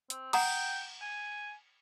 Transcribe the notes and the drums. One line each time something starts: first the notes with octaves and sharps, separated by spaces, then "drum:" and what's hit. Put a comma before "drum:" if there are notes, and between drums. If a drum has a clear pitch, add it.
C4, drum: hi-hat
F#5 G5 A#5 D#6, drum: cymbal
G#5